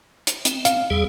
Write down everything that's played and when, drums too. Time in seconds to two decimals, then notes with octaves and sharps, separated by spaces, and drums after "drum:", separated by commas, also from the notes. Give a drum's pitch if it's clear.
0.27 drum: hi-hat
0.45 C4, drum: hi-hat
0.65 F5, drum: hi-hat
0.90 E2 G3 G#4